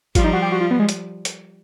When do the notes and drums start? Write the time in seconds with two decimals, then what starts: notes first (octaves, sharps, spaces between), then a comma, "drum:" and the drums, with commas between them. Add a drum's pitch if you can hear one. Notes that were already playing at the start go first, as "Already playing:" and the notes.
0.15 F3 G3 F4, drum: kick G#1, hi-hat
0.24 D#4
0.33 F#4
0.42 G4
0.52 F#4
0.61 F4
0.71 B3
0.79 G#3
0.89 drum: hi-hat
1.25 drum: hi-hat